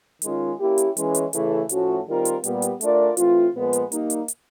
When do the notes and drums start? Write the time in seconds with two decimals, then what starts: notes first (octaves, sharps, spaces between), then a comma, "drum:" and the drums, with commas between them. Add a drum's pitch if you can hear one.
0.22 D#3 G#3 C#4 F4, drum: hi-hat
0.60 A#3 C#4 E4 G4
0.78 drum: hi-hat
0.97 E3 G#3 C#4, drum: hi-hat
1.15 drum: hi-hat
1.33 C#3 E3 A3, drum: hi-hat
1.69 A2 F3 A3 C#4 F#4, drum: hi-hat
2.07 D#3 G3 C4 F4 A#4
2.25 drum: hi-hat
2.44 A#2 G3 B3, drum: hi-hat
2.62 drum: hi-hat
2.81 A3 D4 F4 A#4 D5, drum: hi-hat
3.17 E3 A3 C4 F4, drum: hi-hat
3.55 A#2 F3 G#3 B3
3.73 drum: hi-hat
3.92 G3 A#3 D#4, drum: hi-hat
4.10 drum: hi-hat
4.28 drum: hi-hat